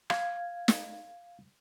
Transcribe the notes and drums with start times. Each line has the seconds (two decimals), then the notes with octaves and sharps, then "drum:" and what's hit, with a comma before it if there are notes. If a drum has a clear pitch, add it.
0.10 F5 G#6, drum: rim click
0.68 drum: snare